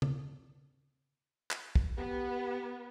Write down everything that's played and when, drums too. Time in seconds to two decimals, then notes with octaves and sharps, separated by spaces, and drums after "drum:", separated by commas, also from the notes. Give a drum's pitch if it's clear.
0.02 drum: tom C#3
1.51 drum: clap
1.75 drum: kick
1.98 B3 G4